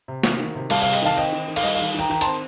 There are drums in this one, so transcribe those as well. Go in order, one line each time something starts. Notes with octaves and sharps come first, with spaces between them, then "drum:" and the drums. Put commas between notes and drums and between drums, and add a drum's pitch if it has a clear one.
C3
D#3, drum: snare
D#3
C3
G3 F5 A5, drum: cymbal
C3 F5
D#5 G5, drum: hi-hat
D#3 F5 A5
C4 D#5 G5
D#3
D#3
F5, drum: cymbal
G3 D#5
D#3 F5
D#3 G5 A#5
D#3 G5 A#5
C4 A5 C6, drum: hi-hat